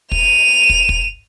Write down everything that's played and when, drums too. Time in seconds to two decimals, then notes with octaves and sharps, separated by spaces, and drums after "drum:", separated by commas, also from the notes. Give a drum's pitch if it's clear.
0.12 D#7 F7, drum: kick
0.70 drum: kick
0.89 drum: kick